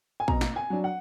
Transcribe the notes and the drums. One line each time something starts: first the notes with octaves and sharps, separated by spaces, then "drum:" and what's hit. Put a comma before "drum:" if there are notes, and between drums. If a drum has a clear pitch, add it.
G#5
B2 A#5, drum: kick
drum: snare
G#5
F#3 D4
F#5